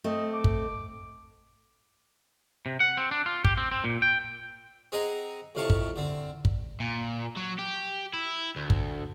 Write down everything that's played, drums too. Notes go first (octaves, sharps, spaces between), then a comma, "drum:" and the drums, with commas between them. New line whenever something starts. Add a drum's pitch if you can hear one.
A3 C4 D#5
D6
drum: kick
C3
F#5
C4
D4
F4
G4, drum: kick
C4
C4
A#2
G5
C4 G#4 D#5 F#5 G#5 A#5
F2 A2 C3 F5 A5 C#6
drum: kick
D3 C4
drum: kick
A#2
F#3
G4
E4
D2
drum: kick